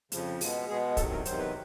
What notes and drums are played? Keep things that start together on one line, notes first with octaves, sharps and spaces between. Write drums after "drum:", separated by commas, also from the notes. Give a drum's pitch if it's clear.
F2 C#3 F3, drum: hi-hat
B2 G#3 B3, drum: open hi-hat
B2 G#3 B3 G#4
E2 C3 D#3 F#3 A4, drum: kick, hi-hat
A#4
E2 C3 D#3 F#3 C5, drum: hi-hat
B4